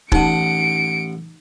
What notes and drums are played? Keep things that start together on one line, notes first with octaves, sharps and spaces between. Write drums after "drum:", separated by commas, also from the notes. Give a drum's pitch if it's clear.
A1 D#4 F#5 A5 C#7 D7, drum: kick